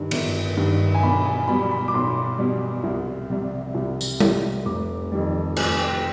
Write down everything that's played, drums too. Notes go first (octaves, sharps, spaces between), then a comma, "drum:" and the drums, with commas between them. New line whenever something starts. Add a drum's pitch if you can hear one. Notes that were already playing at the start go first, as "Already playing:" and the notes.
Already playing: G2 D#3
G1, drum: cymbal
G2 D#3
G#5
B1 B5
G#5
B2 G3 B5
B5
D6
B1 C6
B2 G3
C2
C3 G3
C2
drum: tambourine
C3 G3, drum: tom G3
F1 D6
F2 D#3 G3
F1 G#5, drum: cymbal
G5